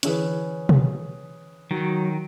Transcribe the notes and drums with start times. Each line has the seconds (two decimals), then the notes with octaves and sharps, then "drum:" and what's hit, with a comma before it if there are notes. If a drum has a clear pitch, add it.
0.03 D3 E3 C#4 E4 G#4 B4, drum: hi-hat
0.69 drum: tom B2
1.71 D#3 F#3